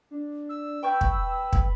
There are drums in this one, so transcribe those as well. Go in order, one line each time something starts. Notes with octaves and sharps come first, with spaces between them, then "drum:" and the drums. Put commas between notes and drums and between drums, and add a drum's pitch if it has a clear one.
D4
E6
B4 G5 C#6 G6
drum: kick
drum: kick